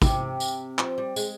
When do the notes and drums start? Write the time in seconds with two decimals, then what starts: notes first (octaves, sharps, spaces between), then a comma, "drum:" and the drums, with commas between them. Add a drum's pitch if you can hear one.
0.02 C3, drum: kick, tambourine
0.40 drum: tambourine
0.79 F3, drum: clap
0.98 G3
1.16 G#3, drum: tambourine